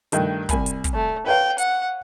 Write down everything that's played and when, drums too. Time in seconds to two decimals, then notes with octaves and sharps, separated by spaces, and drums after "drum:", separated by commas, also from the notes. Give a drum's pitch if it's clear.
0.12 G2 D#3 A3, drum: hi-hat
0.49 C2 G#5 B5, drum: kick, hi-hat
0.66 drum: hi-hat
0.84 drum: kick, hi-hat
0.94 A3
1.26 B4 C#5 F5 G5
1.58 F#5, drum: hi-hat